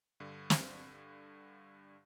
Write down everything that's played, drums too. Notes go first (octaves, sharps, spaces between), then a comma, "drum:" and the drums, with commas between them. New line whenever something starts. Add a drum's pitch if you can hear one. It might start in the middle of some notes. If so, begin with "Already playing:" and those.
G2 D3
drum: snare